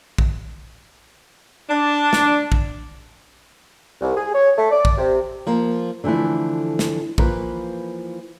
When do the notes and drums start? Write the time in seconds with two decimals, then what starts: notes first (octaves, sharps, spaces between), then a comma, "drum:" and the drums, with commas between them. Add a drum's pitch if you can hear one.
0.18 drum: kick A#1
1.70 D4
2.13 drum: snare
2.52 drum: kick A#1
4.01 C2
4.16 G#4
4.34 C#5
4.58 A3
4.71 D5
4.85 drum: kick A#1
4.98 C3
5.47 F3 A#3
6.04 D3 E3 F3 A3 E4
6.79 drum: snare
7.18 E3 F3 A#3 B4, drum: kick A#1